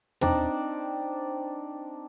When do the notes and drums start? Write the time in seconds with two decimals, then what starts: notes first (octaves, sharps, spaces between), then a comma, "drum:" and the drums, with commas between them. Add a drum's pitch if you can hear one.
0.21 C4 D4 D#4 D5, drum: tom